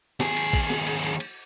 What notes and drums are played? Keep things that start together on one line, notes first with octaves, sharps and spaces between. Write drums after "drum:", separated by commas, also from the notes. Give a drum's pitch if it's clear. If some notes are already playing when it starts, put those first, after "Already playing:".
D#2 G#4, drum: snare
drum: cymbal
drum: kick, cymbal
drum: snare
drum: cymbal
drum: cymbal
drum: cymbal